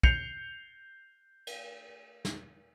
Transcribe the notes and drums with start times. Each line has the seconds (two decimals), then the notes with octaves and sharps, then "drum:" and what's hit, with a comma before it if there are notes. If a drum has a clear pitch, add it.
0.03 G6 C7 C#7 F7, drum: kick
1.47 drum: cymbal
2.25 drum: snare